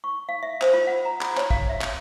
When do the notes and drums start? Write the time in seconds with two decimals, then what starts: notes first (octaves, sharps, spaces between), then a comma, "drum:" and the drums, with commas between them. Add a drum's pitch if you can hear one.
0.04 C#6
0.29 F5
0.43 E5
0.62 C5, drum: clap
0.74 F4
0.87 F#5
1.05 A#5
1.21 B5, drum: clap
1.37 C#5, drum: clap
1.50 F5, drum: kick
1.69 E5
1.81 drum: clap